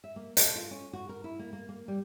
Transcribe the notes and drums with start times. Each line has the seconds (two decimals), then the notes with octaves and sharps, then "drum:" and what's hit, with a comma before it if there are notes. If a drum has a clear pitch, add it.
0.04 E5
0.16 A#3
0.37 A4, drum: hi-hat
0.55 F4
0.71 C#4
0.93 F#4
1.09 A#4
1.24 E4
1.39 A#3
1.53 A#3
1.69 A#3
1.88 G3